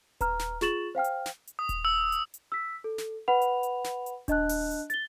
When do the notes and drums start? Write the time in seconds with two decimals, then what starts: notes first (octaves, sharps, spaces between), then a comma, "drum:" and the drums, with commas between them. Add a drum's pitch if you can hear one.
0.21 B4 A#5 F6, drum: kick D#1, hi-hat
0.40 drum: snare
0.61 F4 G#4 C#6 A6 E7 F#7, drum: snare
0.95 C5 F5 G5 F6
1.04 drum: hi-hat
1.26 drum: snare
1.47 drum: hi-hat
1.59 D#6
1.69 drum: kick D#1, hi-hat
1.85 E6
2.12 drum: hi-hat
2.34 drum: hi-hat
2.52 E6 B6
2.84 A4
2.98 drum: snare
3.28 B4 F#5 B5 F7
3.41 drum: hi-hat
3.63 drum: hi-hat
3.85 drum: snare
4.06 drum: hi-hat
4.28 D4 D#5 A5 F#6, drum: kick D#1, hi-hat
4.49 drum: open hi-hat
4.71 drum: hi-hat
4.90 A6 G7, drum: hi-hat